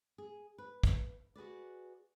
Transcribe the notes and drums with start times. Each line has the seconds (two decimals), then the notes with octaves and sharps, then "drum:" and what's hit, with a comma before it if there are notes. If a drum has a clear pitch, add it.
0.18 G#4
0.58 B4
0.84 drum: kick
1.36 F#4 G#4 B4 D5